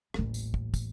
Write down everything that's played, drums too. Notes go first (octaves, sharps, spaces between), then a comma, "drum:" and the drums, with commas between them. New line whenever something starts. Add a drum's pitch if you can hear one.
D#1 A1, drum: rim click
drum: tambourine
drum: kick
drum: kick, tambourine